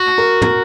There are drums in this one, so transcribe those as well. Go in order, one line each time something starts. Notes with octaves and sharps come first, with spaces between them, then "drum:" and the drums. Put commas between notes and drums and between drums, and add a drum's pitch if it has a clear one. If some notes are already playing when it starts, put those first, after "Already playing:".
Already playing: F#4
A#4
A#4, drum: tom